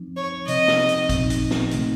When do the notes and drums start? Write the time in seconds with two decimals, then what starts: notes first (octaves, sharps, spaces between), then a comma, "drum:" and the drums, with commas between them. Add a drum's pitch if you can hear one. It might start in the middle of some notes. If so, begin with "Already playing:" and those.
Already playing: F3 C4 D#4
0.17 C#5
0.48 C3 F3 C4 D#4 D#5, drum: hi-hat
0.68 drum: snare
0.89 drum: hi-hat
1.09 A#2 F3 C4 D#4, drum: kick G#1, hi-hat
1.30 drum: hi-hat
1.51 drum: snare
1.71 C3 D#3 A3 C4 D#4, drum: hi-hat